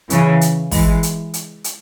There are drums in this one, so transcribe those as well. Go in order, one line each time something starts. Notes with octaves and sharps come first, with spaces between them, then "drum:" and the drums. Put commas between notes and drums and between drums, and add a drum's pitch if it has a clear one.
C#3 E3, drum: hi-hat
drum: hi-hat
E3 G#3, drum: kick, open hi-hat
drum: hi-hat
drum: hi-hat
drum: hi-hat